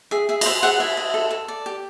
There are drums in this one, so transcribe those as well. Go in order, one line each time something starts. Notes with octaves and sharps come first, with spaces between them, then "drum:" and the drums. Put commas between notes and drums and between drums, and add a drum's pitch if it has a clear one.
G#4 E5
G#4 E5
D#5, drum: cymbal
C5 E5
G#4 E5 F#5
E4 E5
D#5
A4
A4
D5
G4